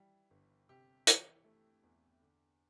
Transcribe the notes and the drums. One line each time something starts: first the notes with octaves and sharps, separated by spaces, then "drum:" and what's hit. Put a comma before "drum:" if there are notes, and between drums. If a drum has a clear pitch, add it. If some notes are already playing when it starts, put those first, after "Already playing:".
Already playing: E3 G3
G1
C3 G4
E3, drum: hi-hat
A3
E2
D3